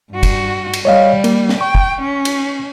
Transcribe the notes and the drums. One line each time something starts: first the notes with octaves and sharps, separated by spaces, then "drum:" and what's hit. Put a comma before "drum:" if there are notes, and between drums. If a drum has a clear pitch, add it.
G2 F#4
drum: kick, cymbal
drum: cymbal
G3 C#5 D#5 F5
A#3, drum: cymbal
drum: snare
G5 C#6
drum: kick
C#4
drum: cymbal